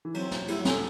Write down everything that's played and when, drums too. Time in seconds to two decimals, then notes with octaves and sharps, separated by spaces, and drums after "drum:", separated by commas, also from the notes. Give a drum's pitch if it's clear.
0.05 E3
0.14 F#3 C4, drum: cymbal
0.31 drum: snare
0.48 G3 E4, drum: cymbal
0.59 F#3
0.65 A4, drum: snare